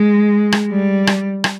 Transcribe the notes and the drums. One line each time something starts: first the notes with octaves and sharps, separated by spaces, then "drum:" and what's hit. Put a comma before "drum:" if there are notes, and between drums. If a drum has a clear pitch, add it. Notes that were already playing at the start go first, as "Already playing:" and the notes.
Already playing: G#3
drum: rim click
G3
drum: rim click
drum: rim click